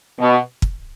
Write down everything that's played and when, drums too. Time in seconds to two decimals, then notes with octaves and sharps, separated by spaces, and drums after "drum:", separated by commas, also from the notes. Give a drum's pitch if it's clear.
0.20 B2
0.62 drum: kick